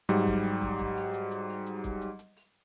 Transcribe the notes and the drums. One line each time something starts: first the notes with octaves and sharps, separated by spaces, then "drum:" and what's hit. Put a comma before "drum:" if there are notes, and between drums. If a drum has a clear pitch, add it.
G#2 F#3 G3, drum: hi-hat
drum: kick, hi-hat
drum: hi-hat
drum: kick, hi-hat
drum: kick, hi-hat
drum: open hi-hat
drum: hi-hat
drum: hi-hat
drum: open hi-hat
drum: hi-hat
drum: kick, hi-hat
drum: hi-hat
drum: hi-hat
drum: open hi-hat